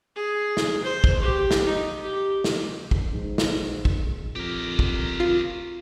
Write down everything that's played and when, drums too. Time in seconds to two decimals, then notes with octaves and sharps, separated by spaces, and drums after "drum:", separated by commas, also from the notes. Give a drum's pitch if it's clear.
0.16 G#4
0.57 drum: snare
0.83 C5
1.04 drum: kick
1.22 G4
1.51 drum: snare
1.66 D#4
2.02 G4
2.44 drum: snare
2.91 drum: kick
3.14 A#1 G#2
3.38 drum: snare
3.85 drum: kick
4.36 F2 G4 A#4
4.79 drum: kick
5.20 F4